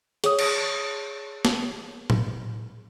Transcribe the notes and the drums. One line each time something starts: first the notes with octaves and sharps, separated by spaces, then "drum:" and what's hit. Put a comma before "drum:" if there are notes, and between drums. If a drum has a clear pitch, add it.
G#4 C#5 D#6, drum: hi-hat
drum: cymbal
drum: snare
drum: tom A2